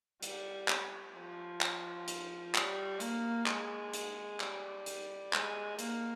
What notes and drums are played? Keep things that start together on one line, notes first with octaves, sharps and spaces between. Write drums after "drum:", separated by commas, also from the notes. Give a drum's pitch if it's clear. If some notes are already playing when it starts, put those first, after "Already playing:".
G3, drum: hi-hat
drum: clap
F3
drum: clap
drum: hi-hat
G3, drum: clap
A#3, drum: hi-hat
G#3, drum: clap
drum: hi-hat
G3, drum: clap
drum: hi-hat
G#3, drum: clap
A#3, drum: hi-hat